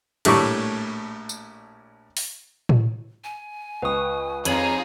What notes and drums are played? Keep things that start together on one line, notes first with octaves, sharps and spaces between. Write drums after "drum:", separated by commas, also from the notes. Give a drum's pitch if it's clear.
A#1 A2 G3 A3 C#6 D6, drum: cymbal
drum: tambourine
drum: open hi-hat
drum: tom A2
G#5
C#2 B4 C#6 D#6
F2 D#4 F4 G#4 C#5 D#7 F#7, drum: hi-hat